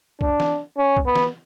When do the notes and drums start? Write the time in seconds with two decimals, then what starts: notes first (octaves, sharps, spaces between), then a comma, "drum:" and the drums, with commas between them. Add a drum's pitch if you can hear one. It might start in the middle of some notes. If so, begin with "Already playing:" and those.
0.21 D4, drum: kick
0.40 drum: snare
0.77 C#4
0.97 drum: kick
1.06 B3
1.16 drum: snare